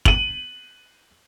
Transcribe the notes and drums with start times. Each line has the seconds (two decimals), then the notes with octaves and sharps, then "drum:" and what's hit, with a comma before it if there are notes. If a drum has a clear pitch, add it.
0.05 D#7 F#7, drum: kick